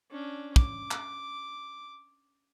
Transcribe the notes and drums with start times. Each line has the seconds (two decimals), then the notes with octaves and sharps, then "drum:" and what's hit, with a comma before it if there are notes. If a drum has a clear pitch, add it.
0.11 C#4 D4
0.56 D6, drum: kick
0.91 drum: clap